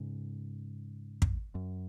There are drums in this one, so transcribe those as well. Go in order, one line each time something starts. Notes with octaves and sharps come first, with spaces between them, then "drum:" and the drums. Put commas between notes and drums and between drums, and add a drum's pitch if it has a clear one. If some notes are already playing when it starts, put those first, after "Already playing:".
Already playing: G#2 C#3
drum: kick
F#2